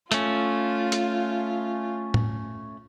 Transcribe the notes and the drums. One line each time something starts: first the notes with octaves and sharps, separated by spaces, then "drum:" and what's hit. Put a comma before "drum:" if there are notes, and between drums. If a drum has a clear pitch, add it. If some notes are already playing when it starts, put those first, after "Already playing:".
A3 C#4 F4, drum: hi-hat
drum: hi-hat
drum: tom